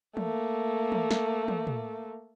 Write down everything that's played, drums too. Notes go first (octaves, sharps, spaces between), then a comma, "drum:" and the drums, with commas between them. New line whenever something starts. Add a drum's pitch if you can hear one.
A3 A#3, drum: tom
drum: tom
drum: snare
drum: tom
drum: tom